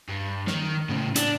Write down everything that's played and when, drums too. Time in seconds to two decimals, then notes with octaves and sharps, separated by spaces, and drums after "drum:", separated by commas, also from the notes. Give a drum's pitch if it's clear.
0.09 G2
0.47 D#3, drum: snare
0.89 A2 C#3
1.16 D4, drum: hi-hat